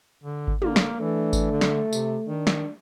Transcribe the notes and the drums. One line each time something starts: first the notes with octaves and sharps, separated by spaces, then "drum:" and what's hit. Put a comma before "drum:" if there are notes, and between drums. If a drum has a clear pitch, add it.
D3
drum: kick G#1
D3 A#3, drum: tom
drum: snare
E3 A3 D4
drum: kick G#1, tambourine
D3
drum: snare
C3, drum: tambourine
D#3 D4
drum: snare